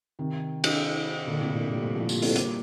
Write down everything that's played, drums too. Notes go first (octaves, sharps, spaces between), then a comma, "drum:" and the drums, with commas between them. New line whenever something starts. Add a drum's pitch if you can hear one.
C3 D#3
drum: cymbal
A#2 D3
A2 C3
A#2 D3
G3 A#3
A3 C4
F3 A3
G3 A#3, drum: tambourine
A3 C4, drum: open hi-hat
G3 A#3, drum: hi-hat